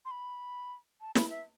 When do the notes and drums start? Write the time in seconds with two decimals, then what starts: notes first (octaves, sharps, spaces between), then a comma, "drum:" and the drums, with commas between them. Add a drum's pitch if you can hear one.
0.05 C6
0.11 B5
1.01 A5
1.15 B5, drum: snare
1.30 E5